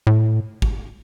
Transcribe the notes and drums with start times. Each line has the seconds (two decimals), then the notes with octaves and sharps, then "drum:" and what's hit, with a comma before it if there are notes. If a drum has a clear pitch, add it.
0.07 A2
0.62 drum: kick G#1